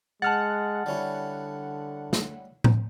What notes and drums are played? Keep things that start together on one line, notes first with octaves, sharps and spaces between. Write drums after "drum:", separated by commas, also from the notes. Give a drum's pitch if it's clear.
G#3 F#5 A5 F6 A6
D3 G3 C#4 E4
drum: snare
drum: tom A2